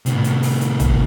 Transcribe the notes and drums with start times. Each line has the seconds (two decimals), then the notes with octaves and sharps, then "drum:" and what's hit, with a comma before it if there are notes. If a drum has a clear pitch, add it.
0.06 A2 C3, drum: hi-hat
0.24 drum: hi-hat
0.43 drum: open hi-hat
0.61 drum: hi-hat
0.80 drum: kick, hi-hat